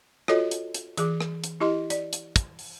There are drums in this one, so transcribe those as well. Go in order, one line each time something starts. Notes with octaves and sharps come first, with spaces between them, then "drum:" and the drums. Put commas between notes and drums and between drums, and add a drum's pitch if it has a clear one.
F4 F#4 A4 C#5 D#5, drum: rim click
drum: hi-hat
drum: hi-hat
E3 G#4 D6, drum: hi-hat
drum: rim click
drum: hi-hat
E4 G4 D#5 C6
D5, drum: hi-hat
drum: hi-hat
drum: kick, hi-hat
drum: open hi-hat